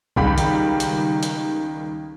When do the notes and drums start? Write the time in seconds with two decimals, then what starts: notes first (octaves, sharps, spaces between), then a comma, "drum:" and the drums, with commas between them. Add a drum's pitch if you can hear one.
0.16 C#2 D#3 G3 G4 B5, drum: kick B1
0.38 drum: hi-hat
0.80 drum: hi-hat
1.23 drum: hi-hat